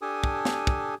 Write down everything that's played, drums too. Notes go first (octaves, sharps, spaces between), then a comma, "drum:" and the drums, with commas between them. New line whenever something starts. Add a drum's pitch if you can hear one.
D4 G4 A4 G#5 D#6
drum: kick
drum: snare
drum: kick